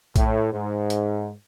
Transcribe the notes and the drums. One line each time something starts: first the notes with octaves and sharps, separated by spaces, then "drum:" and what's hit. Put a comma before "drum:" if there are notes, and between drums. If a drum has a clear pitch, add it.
A2, drum: kick A#1, hi-hat
G#2
drum: hi-hat